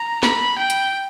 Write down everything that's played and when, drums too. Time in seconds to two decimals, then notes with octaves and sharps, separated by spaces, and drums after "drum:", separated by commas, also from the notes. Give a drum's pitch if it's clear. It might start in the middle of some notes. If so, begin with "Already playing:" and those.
Already playing: A#5
0.23 B5, drum: snare
0.58 G5
0.70 drum: hi-hat